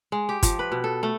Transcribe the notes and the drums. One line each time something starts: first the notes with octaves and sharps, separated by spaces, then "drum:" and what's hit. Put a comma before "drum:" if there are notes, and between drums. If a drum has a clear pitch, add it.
G#3
G4
F3, drum: kick G1, hi-hat
B4
B2
A4
A3